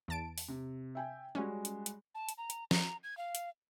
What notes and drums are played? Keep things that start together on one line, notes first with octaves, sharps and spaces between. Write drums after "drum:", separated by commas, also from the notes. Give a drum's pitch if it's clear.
E2 A5 D7
drum: open hi-hat
C3
E5 G5 G#5
G3 G#3 C#4 F#4
drum: hi-hat
drum: hi-hat
A5
drum: hi-hat
A#5
drum: hi-hat
A#5, drum: snare
G#6
F5
drum: hi-hat